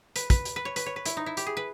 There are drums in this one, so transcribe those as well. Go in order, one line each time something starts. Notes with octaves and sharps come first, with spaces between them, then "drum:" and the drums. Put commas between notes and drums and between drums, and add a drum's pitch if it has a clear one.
B4, drum: hi-hat
B4, drum: kick, hi-hat
drum: hi-hat
B4
C#5
B4, drum: hi-hat
C#5
B4
E4, drum: hi-hat
D#4
E4
G4, drum: hi-hat
G#4
B4